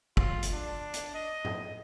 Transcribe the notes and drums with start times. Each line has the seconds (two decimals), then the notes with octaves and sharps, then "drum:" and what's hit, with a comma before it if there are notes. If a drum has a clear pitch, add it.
0.17 F4, drum: kick
0.43 drum: hi-hat
0.52 D4
0.94 drum: hi-hat
1.14 D#5
1.45 drum: tom A2